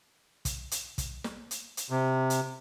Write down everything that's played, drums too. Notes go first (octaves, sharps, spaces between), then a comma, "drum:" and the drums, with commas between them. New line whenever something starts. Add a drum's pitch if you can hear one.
drum: kick, hi-hat
drum: hi-hat
drum: kick, hi-hat
drum: snare
drum: hi-hat
drum: hi-hat
C3
drum: hi-hat